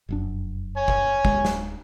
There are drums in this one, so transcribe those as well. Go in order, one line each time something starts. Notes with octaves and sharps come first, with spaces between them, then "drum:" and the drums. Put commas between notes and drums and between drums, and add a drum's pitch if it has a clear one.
F1 F#2 D4
C#5 G#5
drum: kick
D1 G#3, drum: kick
drum: snare